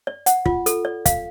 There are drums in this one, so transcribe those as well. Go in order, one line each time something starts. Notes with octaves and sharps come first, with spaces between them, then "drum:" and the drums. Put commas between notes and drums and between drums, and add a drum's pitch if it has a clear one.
D5
F#5, drum: hi-hat
F4, drum: kick
A4, drum: hi-hat
D5
F5, drum: kick, hi-hat